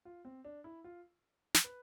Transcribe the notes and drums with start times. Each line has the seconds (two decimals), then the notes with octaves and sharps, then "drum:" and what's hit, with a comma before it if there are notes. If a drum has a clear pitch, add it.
0.05 F4
0.25 C4
0.44 D4
0.64 E4
0.84 F4
1.55 drum: snare
1.64 B4